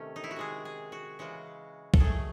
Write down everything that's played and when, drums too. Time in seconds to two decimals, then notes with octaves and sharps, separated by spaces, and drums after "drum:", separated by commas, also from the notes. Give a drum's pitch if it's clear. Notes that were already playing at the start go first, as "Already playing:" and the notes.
Already playing: C3 D#3 A3 C#4
0.16 D#4
0.24 E4
0.31 F#4
0.36 D#3 G#3 G#4
0.65 G#4
0.92 F#4
1.19 C#3 E3 G#3 F#4
1.94 A4, drum: kick
1.99 D#3 F#3 A3 G#4